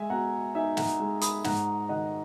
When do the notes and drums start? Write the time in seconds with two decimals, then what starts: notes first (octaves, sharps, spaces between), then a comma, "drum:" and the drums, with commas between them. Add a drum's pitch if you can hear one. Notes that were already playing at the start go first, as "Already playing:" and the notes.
Already playing: G#3 E5 G#5
0.10 B2 F#5 A#5
0.54 D#4 E5 G#5
0.77 F#5 A#5, drum: snare
1.00 G#3
1.21 B5 D#6, drum: hi-hat
1.44 G#2 F#5 A#5, drum: snare
1.89 D#3 D#5 F#5